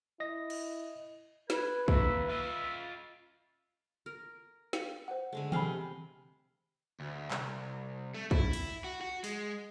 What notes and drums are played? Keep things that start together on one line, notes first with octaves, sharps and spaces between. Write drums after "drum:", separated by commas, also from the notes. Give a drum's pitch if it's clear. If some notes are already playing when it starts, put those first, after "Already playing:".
E4 D#5 A#6
drum: cymbal
B4 G#6, drum: snare
D#2 E5, drum: kick
F4 D#5 E5
A#4
F5 G5 C#7, drum: snare
C5 F#5
D3 G#3 A3
C3 F5 G5 G#5 B5, drum: tom D#3
D2
C2, drum: clap
A3
E4, drum: kick
drum: cymbal
F#4
F#4
G#3, drum: open hi-hat